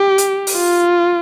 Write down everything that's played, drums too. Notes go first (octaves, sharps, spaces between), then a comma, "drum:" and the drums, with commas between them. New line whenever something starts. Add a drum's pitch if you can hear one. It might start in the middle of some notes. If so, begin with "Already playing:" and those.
Already playing: G4
drum: hi-hat
drum: open hi-hat
F4